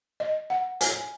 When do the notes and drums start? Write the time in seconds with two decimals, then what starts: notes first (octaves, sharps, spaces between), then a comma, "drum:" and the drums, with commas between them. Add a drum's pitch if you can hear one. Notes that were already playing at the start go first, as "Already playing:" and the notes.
0.20 D#5
0.50 F#5
0.81 G#5, drum: hi-hat